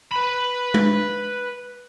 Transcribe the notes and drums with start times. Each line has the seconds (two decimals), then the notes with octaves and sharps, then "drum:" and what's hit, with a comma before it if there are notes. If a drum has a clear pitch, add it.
0.11 B4 B5
0.74 drum: tom G#3